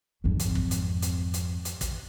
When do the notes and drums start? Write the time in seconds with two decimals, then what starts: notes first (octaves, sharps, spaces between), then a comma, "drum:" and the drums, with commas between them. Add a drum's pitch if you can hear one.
0.24 G#1 F2
0.40 drum: hi-hat
0.55 drum: kick
0.71 drum: hi-hat
1.02 drum: hi-hat
1.34 drum: hi-hat
1.65 drum: hi-hat
1.81 drum: kick, hi-hat